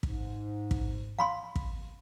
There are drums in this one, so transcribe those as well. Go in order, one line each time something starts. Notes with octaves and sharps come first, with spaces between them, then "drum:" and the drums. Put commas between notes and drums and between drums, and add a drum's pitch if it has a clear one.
G#2, drum: kick
drum: kick
F5 B5 C6
drum: kick